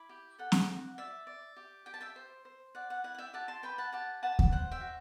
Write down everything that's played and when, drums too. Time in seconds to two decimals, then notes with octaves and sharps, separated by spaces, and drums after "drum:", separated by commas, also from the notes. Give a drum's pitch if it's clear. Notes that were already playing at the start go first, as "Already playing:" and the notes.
Already playing: E4 B5 D6
0.09 G4
0.39 A4 F#5
0.52 drum: snare C4
0.69 F#4
0.98 D5 E5
1.27 D5
1.56 G4
1.86 G4 G5
1.94 A5
2.01 E5 G5
2.16 C5
2.45 C5
2.75 D5 F#5
2.90 F#5
3.04 E4 F#5
3.15 F#5
3.18 E5 G5
3.33 G4 F#5 A5
3.48 A5 C6
3.63 B4 G5 B5
3.78 F#5 A5
3.92 G4 F#5 A5
4.23 B4 F#5 A5
4.39 drum: kick D#2
4.51 C5 F#5
4.72 E5 G5
4.81 F#4